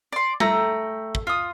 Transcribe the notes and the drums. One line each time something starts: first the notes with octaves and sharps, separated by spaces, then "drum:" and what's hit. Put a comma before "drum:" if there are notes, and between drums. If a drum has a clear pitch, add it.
D5 C6
A3 G5 A#5, drum: tom G3
drum: kick
F4 D#6